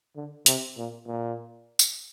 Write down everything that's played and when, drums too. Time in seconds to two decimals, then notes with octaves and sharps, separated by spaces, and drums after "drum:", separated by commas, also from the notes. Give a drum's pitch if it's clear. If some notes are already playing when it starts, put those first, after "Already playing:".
0.16 D3
0.46 C3, drum: hi-hat
0.77 A#2
1.06 A#2
1.79 drum: tambourine